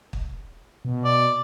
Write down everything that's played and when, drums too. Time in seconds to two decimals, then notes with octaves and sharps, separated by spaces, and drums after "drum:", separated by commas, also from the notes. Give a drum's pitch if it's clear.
0.13 drum: kick
0.85 B2
1.04 D5